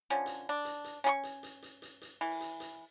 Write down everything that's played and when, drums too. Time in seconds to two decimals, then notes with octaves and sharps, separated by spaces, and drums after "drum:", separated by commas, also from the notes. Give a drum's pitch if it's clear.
0.10 D3 F3 C#4
0.26 drum: hi-hat
0.49 D4
0.65 drum: hi-hat
0.84 drum: hi-hat
1.04 C#4 G#4 C#6
1.23 drum: hi-hat
1.43 drum: hi-hat
1.62 drum: hi-hat
1.82 drum: hi-hat
2.01 drum: hi-hat
2.21 E3, drum: open hi-hat
2.41 drum: hi-hat
2.60 drum: hi-hat